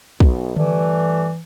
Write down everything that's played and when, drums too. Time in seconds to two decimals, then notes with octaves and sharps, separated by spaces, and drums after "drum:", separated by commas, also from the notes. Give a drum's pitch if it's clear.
0.20 B1, drum: kick
0.56 G2 E3 A3 D5, drum: tom D3